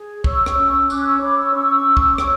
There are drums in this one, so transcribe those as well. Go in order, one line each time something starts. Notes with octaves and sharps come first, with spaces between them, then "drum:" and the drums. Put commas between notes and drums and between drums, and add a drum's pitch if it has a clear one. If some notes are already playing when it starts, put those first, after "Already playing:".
Already playing: G#4
C#5 C#6 E6, drum: kick
drum: rim click
C#4
C#4 D6 F#6, drum: tambourine
F#6
C#6 E6
C#5 B5 D6
C#6 E6
C#4 C#6 E6
C#4
drum: kick
D6
C#5 C#6 E6, drum: rim click